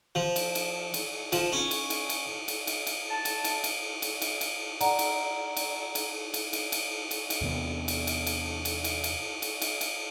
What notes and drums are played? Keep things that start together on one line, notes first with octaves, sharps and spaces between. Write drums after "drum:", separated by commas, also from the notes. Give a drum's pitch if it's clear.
F3
drum: cymbal
drum: cymbal
drum: cymbal
F3, drum: cymbal
C#4
drum: cymbal
drum: cymbal
drum: cymbal
drum: cymbal
drum: cymbal
drum: cymbal
A5
drum: cymbal
drum: cymbal
drum: cymbal
drum: cymbal
drum: cymbal
drum: cymbal
D5 F#5 A#5, drum: cymbal
drum: cymbal
drum: cymbal
drum: cymbal
drum: cymbal
drum: cymbal
drum: cymbal
drum: cymbal
drum: cymbal
E2 C3 B3
drum: cymbal
drum: cymbal
drum: cymbal
drum: cymbal
drum: cymbal
drum: cymbal
drum: cymbal
drum: cymbal
drum: cymbal